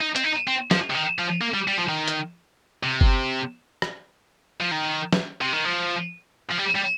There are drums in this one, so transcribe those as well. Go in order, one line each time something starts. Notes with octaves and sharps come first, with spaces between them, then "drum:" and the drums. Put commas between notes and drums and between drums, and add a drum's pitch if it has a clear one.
D#4
C4, drum: hi-hat
D#4
C4
F3, drum: snare
C3
D#3
F3
A#3
G3
G3
F3
D#3
drum: hi-hat
C3
drum: kick F#1
drum: rim click
F3
D#3
drum: snare
C3
D#3
F3
F3
G3
G3